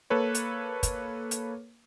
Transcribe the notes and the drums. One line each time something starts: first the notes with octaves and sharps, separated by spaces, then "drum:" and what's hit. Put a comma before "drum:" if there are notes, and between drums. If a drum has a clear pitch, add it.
A#3 A4 B4 C#5
drum: hi-hat
drum: kick, hi-hat
drum: hi-hat